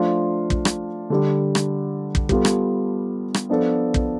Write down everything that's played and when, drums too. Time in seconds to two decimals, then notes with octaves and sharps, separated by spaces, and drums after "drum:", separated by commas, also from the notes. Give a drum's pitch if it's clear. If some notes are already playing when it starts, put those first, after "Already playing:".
Already playing: F3 A3 D4 F4
0.50 drum: kick
0.65 drum: rim click
1.10 D3 G3 D4
1.55 drum: rim click
2.15 drum: kick
2.29 G3 B3 F4 A4, drum: kick
2.45 drum: rim click
3.34 drum: rim click
3.49 F3 B3 D4 A4
3.94 drum: kick